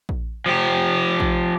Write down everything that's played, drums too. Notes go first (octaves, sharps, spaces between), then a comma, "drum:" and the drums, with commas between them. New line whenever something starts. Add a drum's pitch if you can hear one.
drum: kick A#1
F3 G4
drum: kick A#1